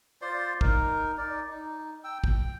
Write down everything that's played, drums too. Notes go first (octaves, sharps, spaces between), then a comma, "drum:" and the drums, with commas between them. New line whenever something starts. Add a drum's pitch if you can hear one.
F4 C5 D5 C6
D#4 A#4, drum: kick
D#4 D5
D#4
G5 E6
G5, drum: kick